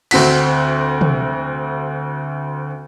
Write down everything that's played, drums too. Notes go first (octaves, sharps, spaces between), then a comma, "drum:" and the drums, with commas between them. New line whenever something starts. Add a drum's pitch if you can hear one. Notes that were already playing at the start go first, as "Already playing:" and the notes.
D2 C4 F#4 B6, drum: cymbal
drum: tom